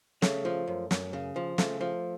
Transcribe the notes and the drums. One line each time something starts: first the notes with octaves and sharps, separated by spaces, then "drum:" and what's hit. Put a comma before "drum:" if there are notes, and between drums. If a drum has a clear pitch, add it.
C#3 A3, drum: snare
F3
F#2
F#2, drum: snare
C#3
F3
C#3 A3, drum: snare
F3